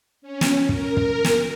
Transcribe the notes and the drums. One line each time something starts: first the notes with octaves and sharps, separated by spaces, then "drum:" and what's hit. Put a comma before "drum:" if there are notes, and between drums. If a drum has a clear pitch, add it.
C#4
drum: snare
A#4, drum: kick
drum: kick
drum: snare